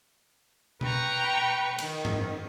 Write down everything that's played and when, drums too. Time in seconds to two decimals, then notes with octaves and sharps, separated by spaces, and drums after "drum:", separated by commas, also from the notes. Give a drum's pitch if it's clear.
0.81 B4 G5 A#5 C#6, drum: tom B2
1.79 D#3, drum: cymbal
2.05 drum: tom G#2